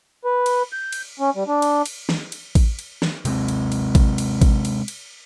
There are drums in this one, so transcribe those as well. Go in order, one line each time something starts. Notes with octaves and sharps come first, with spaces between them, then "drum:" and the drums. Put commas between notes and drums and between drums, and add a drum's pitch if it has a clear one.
B4
drum: cymbal
G6
drum: cymbal
C#4
G3
D4
drum: cymbal
drum: cymbal
drum: snare
drum: cymbal
drum: kick A1, cymbal
drum: cymbal
drum: snare
C3 G#3 C4, drum: cymbal
drum: cymbal
drum: cymbal
drum: kick A1, cymbal
drum: cymbal
drum: kick A1, cymbal
drum: cymbal
drum: cymbal